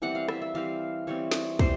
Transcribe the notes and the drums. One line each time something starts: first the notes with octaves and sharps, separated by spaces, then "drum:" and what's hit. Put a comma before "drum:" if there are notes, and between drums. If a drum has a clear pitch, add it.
E3 G3 C4 F#5
F5
E5, drum: rim click
E5
E3 G3 C4 F5
E3 G3 C4 C#5
drum: snare
E3 G3 C5, drum: kick